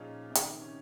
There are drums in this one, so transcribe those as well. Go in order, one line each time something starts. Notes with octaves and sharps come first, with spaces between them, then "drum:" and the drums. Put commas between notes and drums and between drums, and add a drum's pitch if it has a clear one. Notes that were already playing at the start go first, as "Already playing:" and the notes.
Already playing: A#2 F3 C#4 D#4 F4 G#4
C3
D#3, drum: hi-hat
C#4